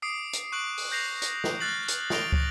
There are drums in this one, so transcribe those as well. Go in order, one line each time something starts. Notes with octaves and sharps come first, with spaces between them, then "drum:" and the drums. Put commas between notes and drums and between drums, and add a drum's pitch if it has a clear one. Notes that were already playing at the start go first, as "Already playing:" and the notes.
D6 D#6 C7 D7
drum: hi-hat
C#6 F#6 D7 F#7
drum: open hi-hat
G6 A#6 C7 F7
drum: hi-hat
drum: snare
F6 F#6 A6 C7 F#7
drum: hi-hat
D#6 A#6 D7 F7 G7, drum: snare
drum: kick